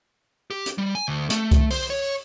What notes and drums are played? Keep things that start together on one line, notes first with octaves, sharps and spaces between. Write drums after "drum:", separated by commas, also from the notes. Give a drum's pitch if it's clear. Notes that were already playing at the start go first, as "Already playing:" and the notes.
G4
drum: hi-hat
G3
G#5
D2
A3, drum: hi-hat
drum: kick C2, hi-hat
C5, drum: open hi-hat
C#5